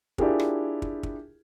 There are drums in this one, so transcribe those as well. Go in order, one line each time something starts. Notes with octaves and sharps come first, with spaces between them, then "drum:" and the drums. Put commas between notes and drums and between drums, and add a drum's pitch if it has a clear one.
D4 E4 F4 G4 G#4 A#4, drum: kick
drum: rim click
drum: kick
drum: kick